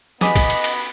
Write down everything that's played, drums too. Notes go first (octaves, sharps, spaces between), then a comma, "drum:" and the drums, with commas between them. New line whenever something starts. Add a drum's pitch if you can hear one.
B3 G#4 D#5 B5 D6 D#6, drum: snare
drum: kick, cymbal
drum: cymbal
drum: cymbal